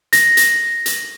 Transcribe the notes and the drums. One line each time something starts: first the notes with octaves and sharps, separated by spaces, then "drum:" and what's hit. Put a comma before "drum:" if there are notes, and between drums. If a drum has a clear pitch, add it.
A#6, drum: hi-hat
drum: hi-hat
drum: hi-hat